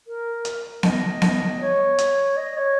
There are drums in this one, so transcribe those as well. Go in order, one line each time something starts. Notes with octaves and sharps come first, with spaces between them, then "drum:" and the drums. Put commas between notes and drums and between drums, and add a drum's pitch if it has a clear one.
A#4
drum: hi-hat
D#5, drum: snare B3
drum: snare B3
C#5
drum: hi-hat
D#5
C#5